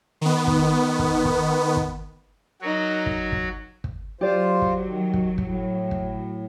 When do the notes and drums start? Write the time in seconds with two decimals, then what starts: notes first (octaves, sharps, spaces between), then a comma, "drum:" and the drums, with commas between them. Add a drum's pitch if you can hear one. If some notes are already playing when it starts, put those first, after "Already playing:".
0.21 D#3 B3
0.47 drum: kick
0.99 drum: kick
1.25 drum: kick
1.77 drum: kick
2.61 F#3 D#4 F#4 A#4
3.06 drum: kick
3.32 drum: kick
3.84 drum: kick
4.21 F#3 F4 G4 C5 D5
4.62 drum: kick
4.86 D#3
5.14 drum: kick
5.38 A2, drum: kick
5.91 drum: kick